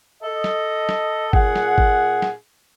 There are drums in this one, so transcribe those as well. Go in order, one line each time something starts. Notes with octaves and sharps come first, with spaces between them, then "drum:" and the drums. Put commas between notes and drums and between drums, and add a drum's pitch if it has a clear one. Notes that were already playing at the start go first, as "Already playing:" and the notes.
A4 D#5
drum: snare
drum: snare
A#2 G#4 F#5, drum: kick
drum: snare
drum: kick
drum: snare